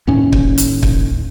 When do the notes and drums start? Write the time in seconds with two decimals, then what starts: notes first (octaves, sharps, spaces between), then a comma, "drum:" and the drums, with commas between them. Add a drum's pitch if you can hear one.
0.07 D#2 A2 C#4
0.33 drum: kick
0.58 drum: hi-hat
0.83 drum: kick